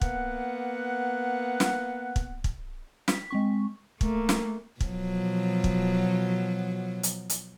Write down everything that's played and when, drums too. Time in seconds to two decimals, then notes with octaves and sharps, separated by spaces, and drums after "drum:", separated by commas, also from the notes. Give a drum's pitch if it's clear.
0.01 A#3 B3 F#5, drum: kick
1.60 drum: snare
2.16 drum: kick
2.44 drum: kick
3.08 B6, drum: snare
3.31 G#3 C4 C#6
4.01 A3 A#3, drum: kick
4.29 drum: snare
4.81 B2 F3 F#3, drum: kick
5.64 drum: kick
7.03 drum: hi-hat
7.30 drum: hi-hat